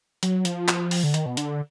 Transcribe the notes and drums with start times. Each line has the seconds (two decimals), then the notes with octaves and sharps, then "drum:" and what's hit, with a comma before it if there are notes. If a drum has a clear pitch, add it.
0.23 F#3, drum: hi-hat
0.45 F3, drum: hi-hat
0.68 drum: clap
0.91 drum: open hi-hat
1.04 D3
1.14 D#3, drum: hi-hat
1.26 B2
1.37 D3, drum: hi-hat